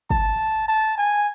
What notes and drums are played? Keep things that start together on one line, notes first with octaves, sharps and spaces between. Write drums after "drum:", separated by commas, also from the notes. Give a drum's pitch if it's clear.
A5, drum: kick
A5
G#5